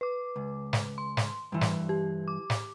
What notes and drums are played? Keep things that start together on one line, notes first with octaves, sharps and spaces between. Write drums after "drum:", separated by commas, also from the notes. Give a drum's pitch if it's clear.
B4 D6
C#2
drum: snare
C6
drum: snare
G2 E3
drum: snare
G4
D6
drum: snare